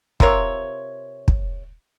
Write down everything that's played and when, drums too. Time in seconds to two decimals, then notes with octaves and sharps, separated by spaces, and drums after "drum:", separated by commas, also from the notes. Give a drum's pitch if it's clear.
0.20 C3 F4 A#4 C#5, drum: kick
1.28 drum: kick